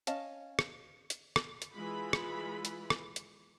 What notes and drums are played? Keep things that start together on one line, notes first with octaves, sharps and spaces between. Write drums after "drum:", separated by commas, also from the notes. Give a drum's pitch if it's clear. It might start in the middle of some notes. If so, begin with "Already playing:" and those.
C#4 D#5 F5 A5, drum: hi-hat
drum: rim click
drum: hi-hat
drum: rim click
drum: hi-hat
E3 G#3 F4 B5
drum: rim click
drum: hi-hat
drum: rim click
drum: hi-hat